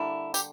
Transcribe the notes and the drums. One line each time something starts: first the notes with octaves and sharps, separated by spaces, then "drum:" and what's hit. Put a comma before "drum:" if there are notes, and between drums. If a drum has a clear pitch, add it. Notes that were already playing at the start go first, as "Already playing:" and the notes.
Already playing: D3 G3 A#3 E4
G4, drum: tambourine